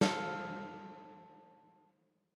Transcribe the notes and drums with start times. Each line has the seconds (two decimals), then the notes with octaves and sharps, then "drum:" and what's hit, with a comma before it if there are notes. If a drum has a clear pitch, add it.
0.01 A4 F5, drum: snare